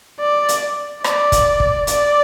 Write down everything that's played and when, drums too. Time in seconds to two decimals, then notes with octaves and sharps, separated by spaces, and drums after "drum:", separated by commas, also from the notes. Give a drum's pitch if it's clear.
0.21 D5
0.49 drum: hi-hat
1.04 D5, drum: rim click
1.32 drum: kick, hi-hat
1.60 drum: kick
1.87 D5, drum: hi-hat